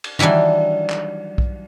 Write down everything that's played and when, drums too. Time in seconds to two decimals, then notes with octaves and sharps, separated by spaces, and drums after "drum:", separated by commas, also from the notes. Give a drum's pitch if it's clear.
0.04 drum: cymbal
0.19 D#3 E3 F#3 G3 D4, drum: tom
0.90 drum: clap
1.38 drum: kick B1